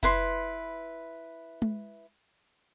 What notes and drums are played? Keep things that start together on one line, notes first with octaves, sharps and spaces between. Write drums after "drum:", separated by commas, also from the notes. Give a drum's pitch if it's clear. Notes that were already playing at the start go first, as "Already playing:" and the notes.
E4 B4 C6, drum: kick F#1
drum: tom G#3